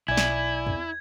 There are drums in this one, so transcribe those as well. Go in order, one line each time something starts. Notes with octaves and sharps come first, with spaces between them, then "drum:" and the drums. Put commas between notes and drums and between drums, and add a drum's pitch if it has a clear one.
B1 E4 D5 G#5 G#6
drum: snare
drum: tom E2